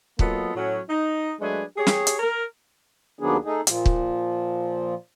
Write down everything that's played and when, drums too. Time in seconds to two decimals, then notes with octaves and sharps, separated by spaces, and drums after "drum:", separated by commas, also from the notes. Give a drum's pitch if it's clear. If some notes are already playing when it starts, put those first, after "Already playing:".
0.19 F#3 A#3 B3 F4 A4 D#5, drum: kick
0.56 A2 F#3 C#4
0.90 D#4
1.40 F#3 G#3 A3 D4 G#4 B4
1.77 G4 G#4 C#5
1.87 drum: snare
2.07 drum: hi-hat
2.19 A#4
3.19 D#2 D#3 F#3 B3 D4 G#4
3.45 A3 D#4 G#4
3.67 A#2 F3, drum: hi-hat
3.86 drum: kick